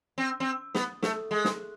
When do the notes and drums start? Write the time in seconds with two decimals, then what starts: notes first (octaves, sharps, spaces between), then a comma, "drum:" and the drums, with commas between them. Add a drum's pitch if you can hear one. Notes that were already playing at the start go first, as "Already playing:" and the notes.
0.18 C4
0.40 C4
0.75 B3, drum: snare
1.03 A3, drum: snare
1.31 G#3
1.45 drum: snare